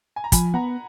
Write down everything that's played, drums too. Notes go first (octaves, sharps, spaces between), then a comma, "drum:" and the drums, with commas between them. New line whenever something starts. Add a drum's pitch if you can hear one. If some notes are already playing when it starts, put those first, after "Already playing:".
G#5
A#5
F3 G#5 B5, drum: kick, hi-hat
B3 F#5 A#5